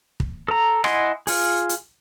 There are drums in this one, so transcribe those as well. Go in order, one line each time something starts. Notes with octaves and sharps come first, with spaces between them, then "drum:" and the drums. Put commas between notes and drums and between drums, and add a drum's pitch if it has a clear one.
drum: kick
A4 A#5
E4 D#5 F#5 G#5 C6, drum: rim click
F4 G#4, drum: open hi-hat
drum: hi-hat